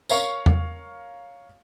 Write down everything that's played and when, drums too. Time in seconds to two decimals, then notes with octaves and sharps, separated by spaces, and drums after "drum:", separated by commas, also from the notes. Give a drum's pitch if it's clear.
0.09 A#4 C#5 F5 C#6, drum: tambourine
0.46 drum: tom E2